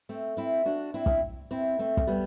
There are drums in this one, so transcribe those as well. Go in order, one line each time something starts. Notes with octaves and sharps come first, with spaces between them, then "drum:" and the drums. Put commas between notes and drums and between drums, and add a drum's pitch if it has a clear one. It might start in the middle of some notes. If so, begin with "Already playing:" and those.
A3 C4
C4 E4
D4 F#4
C4 E4
drum: kick
C4 E4
A3 C4
drum: kick
G3 B3